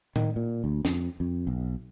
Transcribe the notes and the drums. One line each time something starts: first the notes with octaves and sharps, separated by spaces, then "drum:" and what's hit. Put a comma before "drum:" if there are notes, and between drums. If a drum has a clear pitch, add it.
D#3, drum: tom A2
A#2
D2
F2, drum: snare
F2
B1